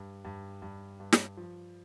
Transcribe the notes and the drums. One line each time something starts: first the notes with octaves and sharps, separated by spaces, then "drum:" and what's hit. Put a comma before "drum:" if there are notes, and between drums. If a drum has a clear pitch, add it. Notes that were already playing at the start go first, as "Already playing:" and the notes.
Already playing: G2
G2
G2
G2
drum: snare
F3